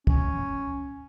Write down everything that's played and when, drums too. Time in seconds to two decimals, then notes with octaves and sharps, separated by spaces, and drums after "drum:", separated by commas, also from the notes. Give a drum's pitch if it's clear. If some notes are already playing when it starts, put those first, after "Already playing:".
0.07 C#4, drum: kick